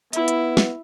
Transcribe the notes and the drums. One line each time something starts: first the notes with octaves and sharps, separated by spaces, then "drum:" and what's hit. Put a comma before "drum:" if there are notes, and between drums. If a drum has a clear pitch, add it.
B3 E4, drum: hi-hat
drum: hi-hat
drum: snare